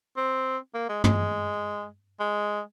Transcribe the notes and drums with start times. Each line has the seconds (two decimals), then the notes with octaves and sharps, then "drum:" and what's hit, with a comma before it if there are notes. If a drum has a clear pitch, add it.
0.17 C4
0.74 A#3
0.89 G#3
1.04 G#3, drum: tom
2.20 G#3